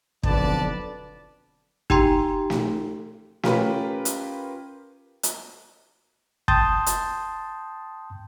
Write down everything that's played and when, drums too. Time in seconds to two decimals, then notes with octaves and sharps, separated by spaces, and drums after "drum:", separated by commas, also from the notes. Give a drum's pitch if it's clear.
0.23 B1 F2 D3 B4 D5 A5, drum: kick
1.90 D#4 G4 G5 A#5 C6, drum: kick
2.50 drum: snare
3.43 C#4 F4 G4 A#4 B4, drum: snare
4.05 drum: hi-hat
5.23 drum: hi-hat
6.48 G5 A5 C6 D#6 G6 A6, drum: kick
6.86 drum: hi-hat